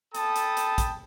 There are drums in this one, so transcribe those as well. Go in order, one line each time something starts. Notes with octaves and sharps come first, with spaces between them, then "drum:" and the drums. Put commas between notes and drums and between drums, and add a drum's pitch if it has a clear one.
A4 G5 A5 B5 D#6, drum: hi-hat
drum: hi-hat
drum: hi-hat
drum: kick A#1, hi-hat